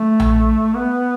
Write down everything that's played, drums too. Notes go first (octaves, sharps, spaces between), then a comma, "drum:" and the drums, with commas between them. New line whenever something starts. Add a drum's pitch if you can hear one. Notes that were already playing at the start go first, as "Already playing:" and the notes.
Already playing: A3
drum: tom A#1
B3